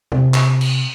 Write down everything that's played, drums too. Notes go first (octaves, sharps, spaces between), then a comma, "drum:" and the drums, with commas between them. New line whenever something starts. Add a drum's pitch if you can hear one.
C3, drum: tom E2
drum: clap
drum: cymbal